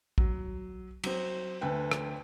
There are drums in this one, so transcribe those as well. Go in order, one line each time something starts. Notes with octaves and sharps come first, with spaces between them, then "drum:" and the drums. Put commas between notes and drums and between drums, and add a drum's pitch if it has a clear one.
F#3, drum: kick
F#3 C4, drum: cymbal
D2 A3 B4 G5
drum: rim click